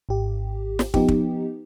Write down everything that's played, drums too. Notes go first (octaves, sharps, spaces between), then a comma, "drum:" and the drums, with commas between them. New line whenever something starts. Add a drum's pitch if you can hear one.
G#1 G4
drum: snare
F3 B3 D#4 G4, drum: kick
drum: kick